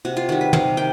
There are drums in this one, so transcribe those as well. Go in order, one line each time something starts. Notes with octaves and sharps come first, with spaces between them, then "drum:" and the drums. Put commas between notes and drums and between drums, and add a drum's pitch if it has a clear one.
C3 F#4
F4
D#3 G3 F#4
B4
C3 F5, drum: tom
D#3 G5